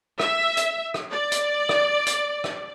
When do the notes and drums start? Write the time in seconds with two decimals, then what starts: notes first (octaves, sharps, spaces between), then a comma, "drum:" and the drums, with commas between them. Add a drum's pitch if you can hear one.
0.19 E5, drum: rim click
0.57 drum: hi-hat
0.94 drum: rim click
1.11 D5
1.32 drum: hi-hat
1.69 drum: rim click
2.07 drum: hi-hat
2.44 drum: rim click